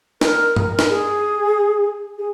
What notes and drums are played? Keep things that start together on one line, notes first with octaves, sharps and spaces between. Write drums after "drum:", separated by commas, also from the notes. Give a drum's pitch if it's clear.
A#4, drum: snare
A#4, drum: tom G2
drum: snare
G#4
G#4